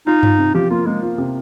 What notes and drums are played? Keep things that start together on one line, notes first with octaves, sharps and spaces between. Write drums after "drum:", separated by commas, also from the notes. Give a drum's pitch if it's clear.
D#4 F4
F4, drum: tom G2
C3
F3 G4
A#3 F4
G#3 A#3
F4
C3